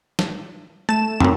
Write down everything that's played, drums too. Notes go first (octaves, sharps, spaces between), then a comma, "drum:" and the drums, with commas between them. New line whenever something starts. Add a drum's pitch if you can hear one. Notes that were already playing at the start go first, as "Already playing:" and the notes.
drum: snare
A3 A5 E7
B1 F#2 C4, drum: tom